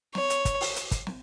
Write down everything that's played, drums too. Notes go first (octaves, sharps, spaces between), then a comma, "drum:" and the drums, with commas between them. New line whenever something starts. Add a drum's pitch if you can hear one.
C#5, drum: snare
drum: hi-hat
drum: kick, hi-hat
drum: open hi-hat
drum: hi-hat
drum: kick, hi-hat
drum: snare